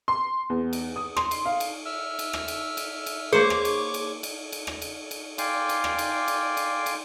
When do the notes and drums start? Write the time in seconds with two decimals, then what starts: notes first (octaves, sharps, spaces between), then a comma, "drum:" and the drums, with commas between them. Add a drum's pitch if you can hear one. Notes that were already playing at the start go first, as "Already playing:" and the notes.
0.08 C6
0.50 E2
0.73 drum: cymbal
0.96 D#6
1.17 C6, drum: rim click
1.31 drum: cymbal
1.45 F5
1.60 drum: cymbal
1.85 E5 E6 F6
2.19 drum: cymbal
2.33 drum: rim click
2.48 drum: cymbal
2.77 drum: cymbal
3.06 drum: cymbal
3.33 A#3 G#4 C5 C#5 C#6 D6
3.50 drum: rim click
3.65 drum: cymbal
3.94 drum: cymbal
4.23 drum: cymbal
4.52 drum: cymbal
4.67 drum: rim click
4.82 drum: cymbal
5.11 drum: cymbal
5.38 D5 F5 G5 G#5 C6 D6, drum: cymbal
5.69 drum: cymbal
5.84 drum: rim click
5.98 drum: cymbal
6.28 drum: cymbal
6.57 drum: cymbal
6.86 drum: cymbal